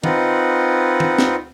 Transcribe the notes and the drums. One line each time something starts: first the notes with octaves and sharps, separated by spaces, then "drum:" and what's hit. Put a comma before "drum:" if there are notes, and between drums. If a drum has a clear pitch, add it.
C4 D#4 F4 B4 D#5 F#5, drum: tom D#3
drum: tom D#3
drum: snare